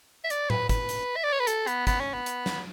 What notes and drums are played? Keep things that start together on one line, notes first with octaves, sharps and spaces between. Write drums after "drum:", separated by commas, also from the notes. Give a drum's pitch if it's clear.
E5
D5, drum: hi-hat
B4, drum: tom A2
B4, drum: kick, hi-hat
drum: hi-hat
E5
D5
C#5
B4
A4, drum: hi-hat
B3, drum: hi-hat
B3, drum: kick, hi-hat
C#4
B3
drum: hi-hat
drum: snare